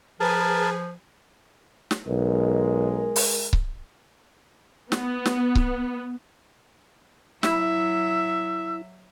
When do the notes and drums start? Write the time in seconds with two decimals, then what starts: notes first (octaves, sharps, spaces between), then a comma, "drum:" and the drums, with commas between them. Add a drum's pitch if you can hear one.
0.20 F3 G#4 A#4 B4 G#5 A5
1.91 drum: snare
2.07 B1 G#3 A#4
3.16 drum: open hi-hat
3.53 drum: kick C#1
4.92 B3, drum: snare
5.26 drum: snare
5.55 drum: kick C#1
7.43 F#3 E4 E5 E6, drum: snare